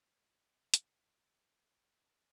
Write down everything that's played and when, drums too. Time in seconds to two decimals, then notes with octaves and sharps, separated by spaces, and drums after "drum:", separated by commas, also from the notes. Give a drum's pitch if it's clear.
0.10 E4
0.19 D#4
0.74 drum: hi-hat
1.00 A3
1.10 G3
1.30 G3
1.40 A3
1.81 B3